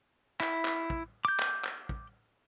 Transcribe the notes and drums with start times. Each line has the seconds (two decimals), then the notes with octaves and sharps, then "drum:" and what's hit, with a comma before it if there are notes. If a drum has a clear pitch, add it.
0.40 E4, drum: clap
0.65 drum: clap
0.90 drum: kick
1.25 D6 G6
1.40 drum: clap
1.65 drum: clap
1.89 drum: kick